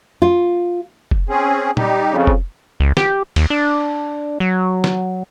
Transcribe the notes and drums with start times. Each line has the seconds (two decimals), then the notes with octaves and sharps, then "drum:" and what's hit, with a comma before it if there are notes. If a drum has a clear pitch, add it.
0.22 F4
1.11 drum: kick F1
1.29 C4 C#4 G#4
1.77 G3 D#4 G4, drum: tom A#2
2.12 F2 C#3
2.27 drum: kick F1
2.80 C#2
2.97 G4, drum: snare
3.36 D#2, drum: cymbal
3.50 D4
4.40 F#3
4.84 drum: snare